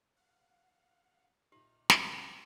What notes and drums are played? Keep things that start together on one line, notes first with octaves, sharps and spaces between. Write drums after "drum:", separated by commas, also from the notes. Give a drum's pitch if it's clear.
F5 F#5
A#2 D#4 G4 E5 F6 F#7
drum: snare